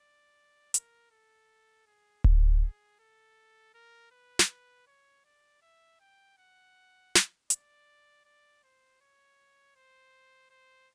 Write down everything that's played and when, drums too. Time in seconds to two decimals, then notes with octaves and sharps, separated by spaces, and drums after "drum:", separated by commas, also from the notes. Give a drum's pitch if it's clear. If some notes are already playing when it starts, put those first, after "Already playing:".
Already playing: D5
0.74 A#4, drum: hi-hat
1.11 A4
1.87 G#4
2.24 G4, drum: kick D1
2.62 G#4
2.99 A4
3.74 A#4
4.12 B4
4.39 drum: snare
4.87 C#5
5.25 D5
5.62 E5
6.00 G5
6.38 F#5
7.15 drum: snare
7.50 D5, drum: hi-hat
8.25 D5
8.63 C5
9.01 C#5
9.76 C5
10.50 C5